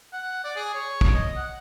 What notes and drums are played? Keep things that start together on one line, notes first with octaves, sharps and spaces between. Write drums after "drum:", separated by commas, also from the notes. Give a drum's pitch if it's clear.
F#5
D5
G#4
C#5
drum: kick
D#5
F#5